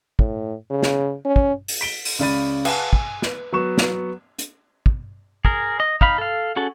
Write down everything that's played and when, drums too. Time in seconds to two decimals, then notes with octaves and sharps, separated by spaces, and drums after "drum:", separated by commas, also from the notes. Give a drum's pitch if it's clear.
0.19 A2, drum: kick
0.71 C#3
0.83 drum: snare
1.25 C#4
1.36 drum: kick
1.68 drum: open hi-hat
1.81 B6 D7 G7
2.05 drum: open hi-hat
2.19 C#2 C#3 D5 B5 A6 D#7
2.65 B4 F5 F#5 G#5 A5, drum: cymbal
2.93 G#5, drum: kick
3.22 B4, drum: snare
3.52 F#3 B3 C#6 E7
3.78 drum: snare
4.39 drum: hi-hat
4.86 drum: kick
5.45 G#4 A#4, drum: kick
5.80 D#5
6.01 D#4 F5 B5, drum: kick
6.18 A4 F5
6.56 C#4 F#4 G#4 A4